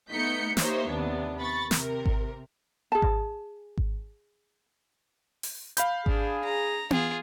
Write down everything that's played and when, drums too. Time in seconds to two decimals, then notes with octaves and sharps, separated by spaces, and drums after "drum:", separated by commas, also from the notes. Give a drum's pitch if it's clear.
0.10 A3 B3 D#4 G6 B6 C#7
0.57 A#3 D#4 G4 C5 C#5 E5, drum: snare
0.90 D#2 C3 B3 D4
1.39 B5 C#6 A6
1.71 C3 A#4, drum: snare
2.06 drum: kick G#1
2.92 G#4 A5
3.02 drum: kick G#1
3.78 drum: kick G#1
5.43 drum: open hi-hat
5.77 F5 B5 G6, drum: hi-hat
6.06 D4 G#4, drum: kick G#1
6.44 A#5
6.91 F4 G#4, drum: tom B3